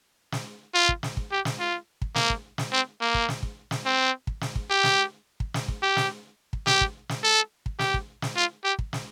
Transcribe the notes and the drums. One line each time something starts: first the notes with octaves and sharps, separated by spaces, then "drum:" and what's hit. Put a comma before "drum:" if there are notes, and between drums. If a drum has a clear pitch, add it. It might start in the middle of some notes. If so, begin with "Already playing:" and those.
drum: snare
F4
drum: kick
drum: snare
drum: kick
G4
drum: snare
F4
drum: kick
A#3, drum: snare
drum: kick
drum: snare
C4
A#3
drum: kick
drum: snare
drum: kick
drum: snare
C4
drum: kick
drum: snare
drum: kick
G4
drum: snare
drum: kick
drum: snare
drum: kick
G4
drum: snare
drum: kick
G4, drum: snare
drum: kick
drum: snare
A4
drum: kick
G4, drum: snare
drum: kick
drum: snare
F4
G4
drum: kick
drum: snare